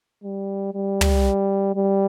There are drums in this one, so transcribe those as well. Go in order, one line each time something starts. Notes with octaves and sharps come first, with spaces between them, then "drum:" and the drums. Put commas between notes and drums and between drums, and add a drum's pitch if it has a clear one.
G3
G3
drum: tom
G3